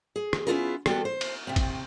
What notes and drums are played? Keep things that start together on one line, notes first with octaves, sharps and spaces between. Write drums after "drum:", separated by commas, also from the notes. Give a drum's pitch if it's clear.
G#4
drum: rim click
B3 C#4 E4 F4 G#4 A#4
G3 B3 F#4 A4, drum: rim click
C5
drum: cymbal
C3 C4
drum: kick, cymbal